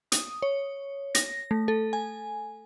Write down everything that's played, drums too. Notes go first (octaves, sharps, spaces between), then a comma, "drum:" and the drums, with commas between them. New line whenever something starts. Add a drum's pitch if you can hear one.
D#6, drum: hi-hat
C#5
A#6, drum: hi-hat
A3
A4
G#5